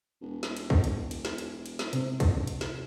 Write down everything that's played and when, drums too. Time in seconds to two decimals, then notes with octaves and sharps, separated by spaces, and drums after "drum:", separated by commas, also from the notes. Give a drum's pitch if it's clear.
0.21 E1
0.43 drum: snare
0.57 drum: cymbal
0.70 drum: kick
0.84 drum: cymbal
1.11 drum: cymbal
1.25 drum: snare
1.38 drum: cymbal
1.66 drum: cymbal
1.79 drum: snare
1.93 C3, drum: cymbal
2.20 drum: kick, cymbal
2.47 drum: cymbal
2.61 drum: snare